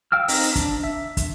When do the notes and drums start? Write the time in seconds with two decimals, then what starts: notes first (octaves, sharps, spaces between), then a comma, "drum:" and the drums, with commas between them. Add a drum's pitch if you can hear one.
0.12 F5 G5 E6 F6
0.28 C4 D#4 A#5, drum: open hi-hat
0.43 drum: hi-hat
0.56 D4, drum: kick, hi-hat
0.84 E5
1.17 drum: kick, hi-hat